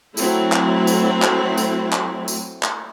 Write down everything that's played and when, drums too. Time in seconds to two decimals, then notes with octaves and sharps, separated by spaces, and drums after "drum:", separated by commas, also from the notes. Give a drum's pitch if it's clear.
0.17 F#3 A3 C4 E4, drum: tambourine
0.52 drum: clap
0.87 drum: tambourine
1.22 drum: clap
1.58 drum: tambourine
1.93 drum: clap
2.28 drum: tambourine
2.63 drum: clap